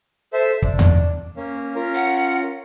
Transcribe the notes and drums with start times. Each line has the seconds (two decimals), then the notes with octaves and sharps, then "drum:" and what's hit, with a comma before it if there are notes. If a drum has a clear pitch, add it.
0.33 A4 C5 E5
0.62 D4, drum: kick
0.79 drum: tom E2
1.36 A#3 C#4
1.75 C#4 F4 A#4
1.95 F#5